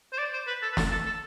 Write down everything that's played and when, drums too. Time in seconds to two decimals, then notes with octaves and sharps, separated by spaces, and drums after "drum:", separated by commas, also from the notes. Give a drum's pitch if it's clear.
0.13 C5
0.18 D5
0.33 C5
0.47 B4
0.62 A4
0.73 B4
0.77 A4, drum: snare
0.91 A4
1.06 A4